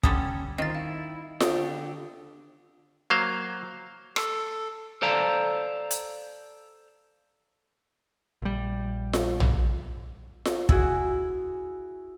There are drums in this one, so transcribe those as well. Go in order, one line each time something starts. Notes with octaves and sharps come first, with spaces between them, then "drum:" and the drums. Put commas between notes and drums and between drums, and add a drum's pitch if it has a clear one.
D3 G3 C#4 A4 D#6, drum: kick
D#3 C4 F4 D#5 A6
E4 F5
D3 D4 G4 D#6, drum: snare F4
F#3 A#3 C5 F5
A4, drum: rim click
A4 C5 D5 F5 A5 A#5
drum: hi-hat
A#1 G3
drum: snare F4
drum: tom
drum: snare F4
E4 F#4 G#4, drum: kick